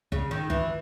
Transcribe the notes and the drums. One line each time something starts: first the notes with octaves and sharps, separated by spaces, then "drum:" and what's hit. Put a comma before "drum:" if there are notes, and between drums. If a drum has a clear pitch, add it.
C#3, drum: kick
D#3
E3, drum: kick